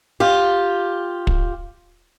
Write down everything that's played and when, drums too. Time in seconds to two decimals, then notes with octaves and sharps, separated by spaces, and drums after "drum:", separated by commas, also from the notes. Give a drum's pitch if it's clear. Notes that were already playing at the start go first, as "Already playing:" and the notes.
0.20 F4 G4
1.27 drum: kick